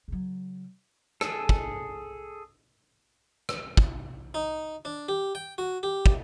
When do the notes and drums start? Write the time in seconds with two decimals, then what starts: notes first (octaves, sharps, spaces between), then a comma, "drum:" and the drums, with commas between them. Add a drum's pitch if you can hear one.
0.08 C#3 F#3
1.21 G#4 A4, drum: rim click
1.49 drum: kick
3.49 drum: rim click
3.77 drum: kick
4.34 D#4
4.85 D4
5.09 G4
5.35 G5
5.58 F#4
5.83 G4
6.06 drum: kick